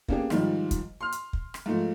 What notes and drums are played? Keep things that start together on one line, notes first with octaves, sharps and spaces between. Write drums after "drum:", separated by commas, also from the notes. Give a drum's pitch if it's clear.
A#3 B3 C#4 D4 G4 G#4, drum: kick
G#2 D#3 F3 G3, drum: rim click
drum: kick, hi-hat
C6 F6
drum: hi-hat
drum: kick
drum: rim click
G#2 F3 A3